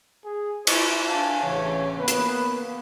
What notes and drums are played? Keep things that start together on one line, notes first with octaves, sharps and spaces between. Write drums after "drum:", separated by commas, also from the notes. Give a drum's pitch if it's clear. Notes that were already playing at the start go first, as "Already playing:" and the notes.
G#4
E4 C5, drum: cymbal
D4 F5 G#5 A5
A1 C#3 E3 C#5
A#3 B3 B4
drum: hi-hat